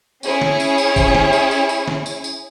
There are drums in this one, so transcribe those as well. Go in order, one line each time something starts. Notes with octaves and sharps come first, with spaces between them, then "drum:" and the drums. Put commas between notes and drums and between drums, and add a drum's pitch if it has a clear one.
C#4 E4 G#4 C#5, drum: tambourine
drum: snare
drum: tambourine
drum: tambourine
drum: kick, tambourine
drum: snare
drum: tambourine
drum: tambourine
drum: tambourine
drum: snare
drum: tambourine
drum: tambourine